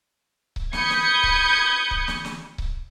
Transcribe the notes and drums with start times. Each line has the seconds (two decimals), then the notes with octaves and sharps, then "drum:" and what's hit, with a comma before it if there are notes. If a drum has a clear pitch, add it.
0.56 drum: kick C#1
0.73 B5 D#6 G6 G#6 C#7, drum: snare
0.90 drum: snare
1.23 drum: kick C#1
1.91 drum: kick C#1
2.08 drum: snare
2.25 drum: snare
2.58 drum: kick C#1